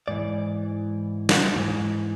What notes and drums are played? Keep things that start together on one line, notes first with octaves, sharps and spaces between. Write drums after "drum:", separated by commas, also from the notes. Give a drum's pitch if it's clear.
G#2 E3 D5
drum: snare
G#2 E3